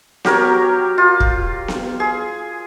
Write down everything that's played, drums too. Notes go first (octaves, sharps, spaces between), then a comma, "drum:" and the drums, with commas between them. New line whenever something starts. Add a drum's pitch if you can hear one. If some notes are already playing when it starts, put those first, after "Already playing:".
F#3 G4 A#4 C#5, drum: snare B3
F4
drum: kick
drum: snare B3
G#4